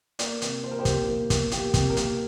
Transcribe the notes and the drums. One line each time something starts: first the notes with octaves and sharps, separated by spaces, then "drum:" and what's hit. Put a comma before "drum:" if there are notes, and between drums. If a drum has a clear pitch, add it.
A#3 A#4 D5, drum: hi-hat
C3, drum: hi-hat
A#3 C5
A#4
G4 C5
A#3, drum: kick, hi-hat
A#3
A#3, drum: kick, hi-hat
A#3 G4, drum: hi-hat
C3 G4, drum: kick, hi-hat
A#4
A#3 G4, drum: hi-hat